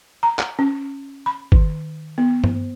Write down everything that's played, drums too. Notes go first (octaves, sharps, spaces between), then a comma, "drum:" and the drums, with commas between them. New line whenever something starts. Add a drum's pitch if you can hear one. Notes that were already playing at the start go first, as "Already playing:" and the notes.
A#5
drum: clap
C#4
B5
D#3, drum: kick
B3
C5, drum: tom G2